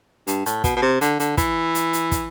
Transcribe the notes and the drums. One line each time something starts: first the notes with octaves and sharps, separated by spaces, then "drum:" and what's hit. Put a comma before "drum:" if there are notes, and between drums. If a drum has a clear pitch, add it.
G2, drum: hi-hat
A2, drum: hi-hat
B2, drum: kick, hi-hat
B2
C3
D3, drum: hi-hat
D3, drum: hi-hat
E3, drum: kick, hi-hat
drum: hi-hat
drum: hi-hat
drum: kick, hi-hat